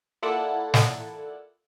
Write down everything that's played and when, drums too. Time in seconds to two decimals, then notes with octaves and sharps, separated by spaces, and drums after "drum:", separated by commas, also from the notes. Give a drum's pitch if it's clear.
0.22 A#3 E4 F4 A4 D5 F#5
0.74 drum: snare